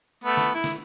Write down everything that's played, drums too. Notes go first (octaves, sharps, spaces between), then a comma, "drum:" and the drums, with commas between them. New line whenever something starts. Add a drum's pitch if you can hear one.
A3 B3
drum: snare
E4
drum: snare